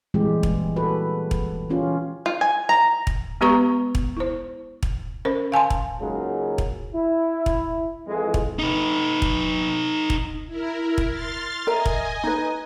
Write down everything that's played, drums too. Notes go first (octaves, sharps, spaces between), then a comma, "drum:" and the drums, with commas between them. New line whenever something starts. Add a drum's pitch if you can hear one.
A#2 E3 G3 G#3 C4 G4
drum: kick
F#4 G4 A4 B4
drum: kick
E3 C#4 F4 G4
F4
G#5
A#5
drum: kick
G#3 B3 G4 B4 A#5 C#6
drum: kick
E4 C5
drum: kick
C#4 A#4 C5
F5 G#5 A5 C6
drum: kick
C#2 G#2 C#3 F#3 G#3 A#3
drum: kick
E4
drum: kick
F2 E3 G#3
drum: kick
D#4 B4
drum: kick
drum: kick
E4 A#4
drum: kick
C6 F6 A6
A#4 D#5 E5 G#5 A#5
drum: kick
D#4 B4